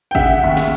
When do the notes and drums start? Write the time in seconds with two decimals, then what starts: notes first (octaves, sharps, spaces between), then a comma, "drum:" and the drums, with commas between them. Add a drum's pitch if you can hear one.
0.11 G5
0.15 C#3 E5 F#5, drum: kick G#1
0.43 D#2
0.57 drum: snare